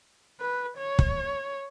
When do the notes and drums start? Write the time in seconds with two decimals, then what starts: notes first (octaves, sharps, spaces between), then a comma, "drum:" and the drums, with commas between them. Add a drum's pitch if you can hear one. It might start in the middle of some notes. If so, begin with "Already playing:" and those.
0.40 B4
0.77 C#5
0.99 drum: kick